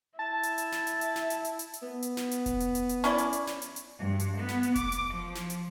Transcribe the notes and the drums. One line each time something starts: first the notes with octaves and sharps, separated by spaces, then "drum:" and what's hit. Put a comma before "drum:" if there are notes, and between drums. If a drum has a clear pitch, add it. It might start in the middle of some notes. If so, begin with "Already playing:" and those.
E4 A5
drum: hi-hat
drum: hi-hat
drum: snare
drum: hi-hat
drum: hi-hat
drum: snare
drum: hi-hat
drum: hi-hat
drum: hi-hat
drum: hi-hat
B3
drum: hi-hat
drum: snare
drum: hi-hat
drum: kick F1, hi-hat
drum: hi-hat
drum: hi-hat
drum: hi-hat
C#4 E4 D5, drum: snare
drum: hi-hat
drum: hi-hat
drum: snare
drum: hi-hat
drum: hi-hat
G2
drum: hi-hat
B3
drum: snare
drum: hi-hat
D6, drum: kick F1, hi-hat
drum: hi-hat
F3
drum: snare
drum: hi-hat